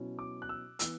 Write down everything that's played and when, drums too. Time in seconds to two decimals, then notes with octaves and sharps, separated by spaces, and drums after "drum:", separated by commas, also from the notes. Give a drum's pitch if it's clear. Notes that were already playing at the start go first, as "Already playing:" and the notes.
Already playing: B2 F#3 C#4 E4
0.19 D6
0.42 F#6
0.49 E6
0.79 E3 B3 E6, drum: hi-hat